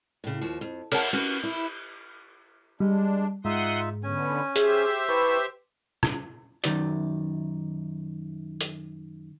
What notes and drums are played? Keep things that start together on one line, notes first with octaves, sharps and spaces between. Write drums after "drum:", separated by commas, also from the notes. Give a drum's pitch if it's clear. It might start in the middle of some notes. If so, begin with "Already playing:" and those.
A2 C#3
D#2 F3
F2
A#4 C#5 E5 F#5 G#5 A5, drum: cymbal
C#4 F#4 B4
E4
G3 G#3 D4
G#2 D#4 F4 E5 F#5 C6 D#6
D3 B3 C#4 G#5
G4 G#4 C5 E5, drum: hi-hat
E4 B4 A5 C#6
drum: rim click
F#2 D#3 D5, drum: hi-hat
drum: hi-hat